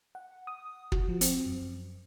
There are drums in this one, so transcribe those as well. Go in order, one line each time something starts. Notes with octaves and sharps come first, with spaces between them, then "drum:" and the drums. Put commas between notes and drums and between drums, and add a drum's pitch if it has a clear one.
F#5
D#6
F#4, drum: kick
F3
C4, drum: hi-hat
F#2